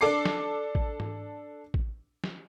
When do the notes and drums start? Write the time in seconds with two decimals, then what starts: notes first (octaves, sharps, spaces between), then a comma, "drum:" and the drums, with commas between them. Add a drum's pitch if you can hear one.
0.01 D4 A4 D6 C7
0.25 drum: snare
0.75 drum: kick
1.00 drum: tom G#2
1.74 drum: kick
2.24 drum: snare